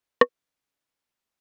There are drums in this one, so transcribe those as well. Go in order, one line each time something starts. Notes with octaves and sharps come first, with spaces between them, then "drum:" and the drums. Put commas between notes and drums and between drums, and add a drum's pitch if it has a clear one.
C#4, drum: rim click